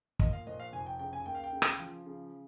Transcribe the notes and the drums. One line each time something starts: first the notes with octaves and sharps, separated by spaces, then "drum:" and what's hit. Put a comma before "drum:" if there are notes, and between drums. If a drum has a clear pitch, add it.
A#2 D#5, drum: kick
F5
A#1 D#5
F5
F1 G#5
G5
C#3 G5
G#5
D#2 G5
F5
G5
C#3
drum: rim click
F3
C#3